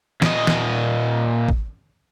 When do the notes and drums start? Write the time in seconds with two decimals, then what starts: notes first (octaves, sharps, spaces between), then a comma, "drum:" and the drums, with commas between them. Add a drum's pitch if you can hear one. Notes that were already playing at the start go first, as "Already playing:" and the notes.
0.22 A#2 D#5, drum: snare
0.47 drum: snare
1.49 drum: kick A1